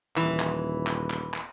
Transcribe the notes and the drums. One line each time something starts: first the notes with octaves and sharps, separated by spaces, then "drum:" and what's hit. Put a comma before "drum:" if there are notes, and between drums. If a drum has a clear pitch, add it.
D#1 E3, drum: clap
drum: clap
drum: clap
drum: clap
drum: clap